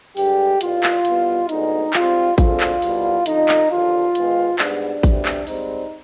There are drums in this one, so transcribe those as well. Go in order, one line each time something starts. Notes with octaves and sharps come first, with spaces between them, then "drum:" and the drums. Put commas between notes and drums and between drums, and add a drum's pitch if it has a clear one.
G2 D3 G#3 G4, drum: open hi-hat
C2 B2 G3 F4, drum: hi-hat
drum: clap
C2 B2 G3 B3, drum: hi-hat
D2 D3 G#3 B3 D#4, drum: hi-hat
G#2 G3 C4 F4, drum: clap
D2 D3 G#3 C4 F4, drum: kick A1, hi-hat
drum: clap
C2 B2 G3, drum: open hi-hat
F2 D3 F3 D#4, drum: hi-hat
drum: clap
D#2 D3 F3 F4
G#2 D#3 G#3 B3, drum: hi-hat
G#2 G3 B3 D4, drum: clap
D2 C3 G3 B3, drum: kick A1, hi-hat
drum: clap
G#2 G3 C4 D#4, drum: open hi-hat